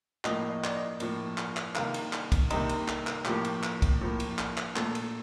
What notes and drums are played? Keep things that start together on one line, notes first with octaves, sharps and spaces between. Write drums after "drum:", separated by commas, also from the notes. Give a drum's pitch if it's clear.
A2 F3 A#3 D#5, drum: clap
D#5
D5, drum: clap
D#5
A2 F3 A#3, drum: cymbal
drum: clap
drum: clap
C3 D#3 G3 A#3 F5, drum: clap
drum: cymbal
drum: clap
drum: kick, cymbal
C3 D#3 G3 A#3 D#5, drum: cymbal
drum: cymbal
drum: clap
drum: clap
A2 F3 A#3 G4, drum: clap
drum: cymbal
drum: clap
drum: kick, cymbal
A2 F3 A#3
drum: cymbal
drum: clap
drum: clap
A#2 A3 A4, drum: clap
drum: cymbal